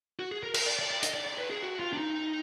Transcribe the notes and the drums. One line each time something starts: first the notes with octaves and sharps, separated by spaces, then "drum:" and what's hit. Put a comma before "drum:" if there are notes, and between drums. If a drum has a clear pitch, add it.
F#4
G#4
A#4
A#4, drum: cymbal
D5
D5
D5
D#5, drum: hi-hat
D5
D5
B4
G#4
F#4
F4
D4
D#4